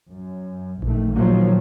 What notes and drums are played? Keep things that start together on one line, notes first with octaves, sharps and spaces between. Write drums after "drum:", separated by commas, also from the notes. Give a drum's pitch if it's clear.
F#2
A#1 D#3 A3, drum: kick A1
A#2 D#3 F3 F#3 A#3